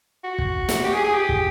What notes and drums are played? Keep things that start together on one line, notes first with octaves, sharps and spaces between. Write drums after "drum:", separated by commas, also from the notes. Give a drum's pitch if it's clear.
F#4
drum: kick
drum: snare
G4
G#4
G#4
G4
drum: kick